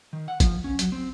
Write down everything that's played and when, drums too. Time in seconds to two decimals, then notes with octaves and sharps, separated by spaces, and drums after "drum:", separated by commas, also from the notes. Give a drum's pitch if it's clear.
0.13 D#3
0.28 F#5
0.40 F3, drum: kick G#1, hi-hat
0.64 C#4
0.79 F#3, drum: hi-hat
0.92 C4